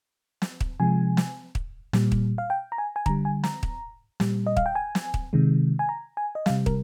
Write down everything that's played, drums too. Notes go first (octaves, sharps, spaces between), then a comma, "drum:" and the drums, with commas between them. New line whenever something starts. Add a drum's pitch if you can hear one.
drum: snare
drum: kick
C3 F3 G#3 G#5
drum: snare
drum: kick
A#2 G3, drum: snare
drum: kick
F5
G5
A#5
G#5
G#5
D3 G3 A#5, drum: kick
G#5
A#5, drum: snare
drum: kick
A#2 G3, drum: snare
D#5
F5, drum: kick
G5
G#5
drum: snare
drum: kick
C3 D#3 G#3
G#5
A#5
G#5
D#5
C3 G3 F5, drum: snare
A#4, drum: kick